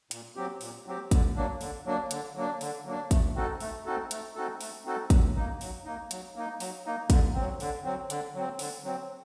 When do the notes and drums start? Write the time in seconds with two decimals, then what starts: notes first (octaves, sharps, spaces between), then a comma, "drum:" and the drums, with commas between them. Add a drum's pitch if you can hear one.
0.11 A#2, drum: hi-hat
0.36 F#3 C4 G4
0.61 A#2, drum: open hi-hat
0.86 F#3 C4 G4
1.11 D3, drum: kick, hi-hat
1.36 F#3 A#3 D4
1.61 D3, drum: open hi-hat
1.85 F#3 A#3 D4
2.11 D3, drum: hi-hat
2.36 F#3 A#3 D4
2.61 D3, drum: open hi-hat
2.85 F#3 A#3 D4
3.11 A3, drum: kick, hi-hat
3.36 C4 D#4 F#4 A4
3.60 A3, drum: open hi-hat
3.86 C4 D#4 F#4 A4
4.11 A3, drum: hi-hat
4.36 C4 D#4 F#4 A4
4.61 A3, drum: open hi-hat
4.85 C4 D#4 F#4 A4
5.10 F#3, drum: kick, hi-hat
5.35 A#3 D#4
5.61 F#3, drum: open hi-hat
5.85 A#3 D#4
6.11 F#3, drum: hi-hat
6.36 A#3 D#4
6.60 F#3, drum: open hi-hat
6.86 A#3 D#4
7.10 D3, drum: kick, hi-hat
7.34 F#3 C4
7.60 D3, drum: open hi-hat
7.85 F#3 C4
8.10 D3, drum: hi-hat
8.35 F#3 C4
8.59 D3, drum: open hi-hat
8.84 F#3 C4